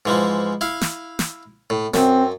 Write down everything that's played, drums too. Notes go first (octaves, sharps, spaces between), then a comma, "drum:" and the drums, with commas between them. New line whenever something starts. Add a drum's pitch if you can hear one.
G#2 E3 F3
E4 F5
drum: snare
drum: snare
A2
F#2 C4, drum: snare